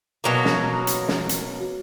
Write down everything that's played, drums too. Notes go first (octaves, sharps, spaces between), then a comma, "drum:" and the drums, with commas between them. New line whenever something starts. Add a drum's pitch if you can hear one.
B2 F#3 A#3
drum: snare
drum: hi-hat
drum: snare
drum: hi-hat